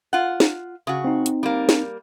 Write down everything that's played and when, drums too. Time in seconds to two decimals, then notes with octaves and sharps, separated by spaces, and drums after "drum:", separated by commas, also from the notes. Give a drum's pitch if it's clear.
0.13 F4 F#5
0.40 drum: snare
0.87 C#3 F#4
1.04 C4 D#4
1.26 drum: hi-hat
1.43 G3 A#3
1.69 drum: snare